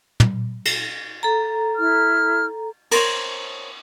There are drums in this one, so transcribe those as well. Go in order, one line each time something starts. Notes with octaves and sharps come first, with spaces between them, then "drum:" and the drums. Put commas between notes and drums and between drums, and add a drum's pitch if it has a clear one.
drum: tom
drum: cymbal
A4 A#5
E4 F6
A#4 C5 C#5, drum: cymbal